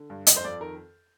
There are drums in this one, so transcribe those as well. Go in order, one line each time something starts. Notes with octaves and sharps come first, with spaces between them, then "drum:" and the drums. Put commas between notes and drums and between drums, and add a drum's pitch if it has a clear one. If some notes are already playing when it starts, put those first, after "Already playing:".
Already playing: D3
G2
F2 D#5, drum: hi-hat
C5
F2 D5
D#3 A#4